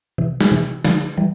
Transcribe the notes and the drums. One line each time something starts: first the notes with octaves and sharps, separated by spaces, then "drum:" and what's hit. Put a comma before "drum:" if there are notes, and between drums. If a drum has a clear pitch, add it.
C3 E3
drum: snare
C3 E3
D3 F3, drum: snare
E3 G3